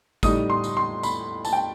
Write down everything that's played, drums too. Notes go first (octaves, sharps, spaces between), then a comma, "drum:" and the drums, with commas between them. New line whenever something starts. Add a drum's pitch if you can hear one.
A2 G3 D#4 D#6, drum: kick G#1, tambourine
C6
drum: tambourine
C6
B5, drum: tambourine
A5, drum: tambourine
G5